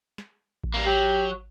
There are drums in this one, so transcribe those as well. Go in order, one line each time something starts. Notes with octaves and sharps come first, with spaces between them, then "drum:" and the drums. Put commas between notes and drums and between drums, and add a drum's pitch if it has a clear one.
drum: snare
drum: kick A1
G3 A#3
F#3 G4